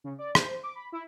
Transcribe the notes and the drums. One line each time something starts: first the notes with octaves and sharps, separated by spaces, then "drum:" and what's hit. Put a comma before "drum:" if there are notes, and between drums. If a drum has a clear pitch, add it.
C#3
D5
C5, drum: rim click
D6
B5
E4